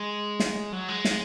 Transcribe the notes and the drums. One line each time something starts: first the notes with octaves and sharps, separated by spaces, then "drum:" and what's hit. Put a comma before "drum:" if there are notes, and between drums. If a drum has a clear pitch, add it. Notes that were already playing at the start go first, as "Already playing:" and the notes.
Already playing: G#3
drum: snare
F#3
G#3
drum: snare